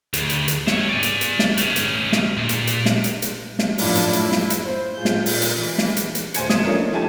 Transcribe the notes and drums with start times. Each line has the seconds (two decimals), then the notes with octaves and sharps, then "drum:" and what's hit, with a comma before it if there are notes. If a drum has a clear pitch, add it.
0.13 D2, drum: hi-hat
0.30 drum: hi-hat
0.48 drum: hi-hat
0.67 C4 C#5, drum: snare
0.89 D5 G#5
1.03 drum: hi-hat
1.21 drum: hi-hat
1.39 drum: snare
1.58 A3 C#4, drum: hi-hat
1.76 drum: hi-hat
2.12 drum: snare
2.37 A#2
2.49 drum: hi-hat
2.67 drum: hi-hat
2.86 drum: snare
3.04 drum: hi-hat
3.22 drum: hi-hat
3.59 drum: snare
3.78 F#2 A2 F3 D4 E4 F4, drum: open hi-hat
3.95 drum: hi-hat
4.13 A3 E4, drum: hi-hat
4.32 drum: snare
4.50 drum: hi-hat
4.62 C5
4.94 A2 F4 G#4 G6
5.05 drum: snare
5.26 A#2, drum: open hi-hat
5.42 drum: hi-hat
5.56 E3
5.78 drum: snare
5.97 drum: hi-hat
6.15 drum: hi-hat
6.34 D2 C5 G#5 G#6 C#7, drum: hi-hat
6.50 D#6 C#7 E7, drum: snare
6.64 F3 A3 A#3 C#4 D4
6.77 D#4
6.92 F3 A3 G4 G#5 A5 G#6